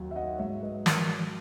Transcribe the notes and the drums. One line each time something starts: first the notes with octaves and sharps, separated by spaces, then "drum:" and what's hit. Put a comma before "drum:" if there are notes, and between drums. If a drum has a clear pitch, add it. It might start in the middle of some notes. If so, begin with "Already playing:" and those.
Already playing: D#2 F#3
E5
D#5 F#5
G#2 C#5 E5
B4 D#5
F#3 A#4 C#5, drum: snare